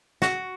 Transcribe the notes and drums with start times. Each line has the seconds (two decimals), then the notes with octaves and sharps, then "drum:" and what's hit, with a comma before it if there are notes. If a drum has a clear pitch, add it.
0.22 F#4, drum: snare